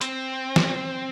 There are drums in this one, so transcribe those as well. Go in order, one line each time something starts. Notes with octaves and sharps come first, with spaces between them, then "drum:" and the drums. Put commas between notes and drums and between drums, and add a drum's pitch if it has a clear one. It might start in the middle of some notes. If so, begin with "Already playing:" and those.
C4, drum: hi-hat
drum: snare